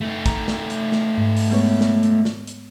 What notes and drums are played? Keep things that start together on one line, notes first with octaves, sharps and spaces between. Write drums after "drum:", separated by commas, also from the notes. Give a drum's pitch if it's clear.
A3 D#4
A#5, drum: kick, hi-hat
drum: snare
drum: hi-hat
drum: snare
G#2
drum: open hi-hat
G#3 B3 C#5
drum: snare
drum: hi-hat
drum: snare
drum: hi-hat